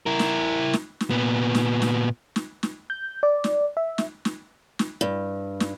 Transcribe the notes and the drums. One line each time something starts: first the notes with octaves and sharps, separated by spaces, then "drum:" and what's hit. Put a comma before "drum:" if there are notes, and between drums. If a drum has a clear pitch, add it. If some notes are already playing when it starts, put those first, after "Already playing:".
E4 A#4
drum: snare
drum: snare
drum: snare
A#2 B3
drum: snare
drum: snare
drum: snare
drum: snare
G6
D5
drum: snare
E5
drum: snare
drum: snare
drum: snare
G2
drum: snare